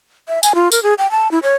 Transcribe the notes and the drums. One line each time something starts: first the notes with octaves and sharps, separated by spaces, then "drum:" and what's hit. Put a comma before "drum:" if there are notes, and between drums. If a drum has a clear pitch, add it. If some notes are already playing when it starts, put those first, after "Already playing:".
E5
G#5, drum: tambourine
F4
A#4, drum: tambourine
G#4
G5
A5
E4
C#5